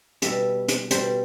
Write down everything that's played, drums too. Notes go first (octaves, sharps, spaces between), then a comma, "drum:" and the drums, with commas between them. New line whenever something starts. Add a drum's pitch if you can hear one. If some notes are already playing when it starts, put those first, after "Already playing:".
B2 G3 E5, drum: hi-hat
drum: hi-hat
B2 G3 C5, drum: hi-hat